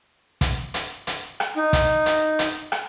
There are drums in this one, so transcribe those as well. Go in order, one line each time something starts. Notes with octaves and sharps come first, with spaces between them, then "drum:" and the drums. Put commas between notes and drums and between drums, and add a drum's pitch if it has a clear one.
drum: kick, hi-hat
drum: hi-hat
drum: hi-hat
drum: rim click
D#4
drum: kick, hi-hat
drum: hi-hat
drum: hi-hat
drum: rim click